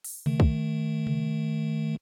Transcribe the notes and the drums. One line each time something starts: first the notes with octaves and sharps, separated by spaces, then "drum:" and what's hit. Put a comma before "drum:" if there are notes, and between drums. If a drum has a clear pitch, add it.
drum: open hi-hat
D#3 A3, drum: tom C3
drum: kick
drum: tom C3